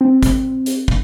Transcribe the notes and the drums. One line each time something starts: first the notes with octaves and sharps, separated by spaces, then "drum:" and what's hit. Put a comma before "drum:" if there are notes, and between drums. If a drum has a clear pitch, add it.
C4
drum: kick, hi-hat
drum: hi-hat
drum: kick